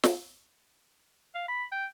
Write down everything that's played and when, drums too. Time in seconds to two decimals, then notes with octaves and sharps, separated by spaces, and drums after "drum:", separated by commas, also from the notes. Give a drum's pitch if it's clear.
0.04 drum: snare
1.35 F5
1.48 B5
1.72 G5